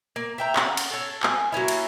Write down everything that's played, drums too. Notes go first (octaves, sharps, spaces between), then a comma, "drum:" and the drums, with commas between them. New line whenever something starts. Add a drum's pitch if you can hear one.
A#3
E5 G5 A#5
C#4 F#5, drum: clap
drum: cymbal
A4 C#5
G#5, drum: clap
F#3 A#3 C#4 E4
drum: cymbal